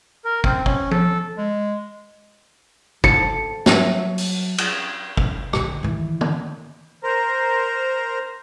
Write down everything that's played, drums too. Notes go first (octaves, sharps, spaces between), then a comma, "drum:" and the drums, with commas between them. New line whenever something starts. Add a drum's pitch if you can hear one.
A#4
C4, drum: kick
C#4, drum: kick
A4, drum: tom F3
G#3
A4 C#7, drum: kick
F#3 E5, drum: snare
drum: open hi-hat
drum: cymbal
drum: kick
A#1 D3, drum: rim click
D#3 E3
drum: tom
A#4 C5 A#5